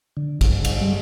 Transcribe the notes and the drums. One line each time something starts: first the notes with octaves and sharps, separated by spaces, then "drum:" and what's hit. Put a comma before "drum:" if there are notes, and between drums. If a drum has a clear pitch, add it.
D3
G2, drum: kick, cymbal
drum: cymbal
G3